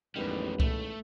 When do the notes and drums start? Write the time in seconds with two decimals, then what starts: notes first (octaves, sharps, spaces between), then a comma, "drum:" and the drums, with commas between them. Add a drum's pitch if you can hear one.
0.16 A1 F2 D#3 G3 G#3 B3
0.60 A3, drum: kick C2